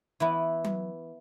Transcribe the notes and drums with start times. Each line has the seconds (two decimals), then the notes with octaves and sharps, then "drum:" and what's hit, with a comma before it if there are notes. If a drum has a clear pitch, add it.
0.20 E3 B3 E4
0.64 drum: tom F#3